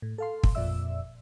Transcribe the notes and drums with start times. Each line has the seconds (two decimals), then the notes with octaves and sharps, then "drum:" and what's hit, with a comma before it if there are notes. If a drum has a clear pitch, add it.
0.02 A2
0.18 A4 F5 C6
0.43 drum: kick
0.55 F2 A#2 F3 D5 E5 E6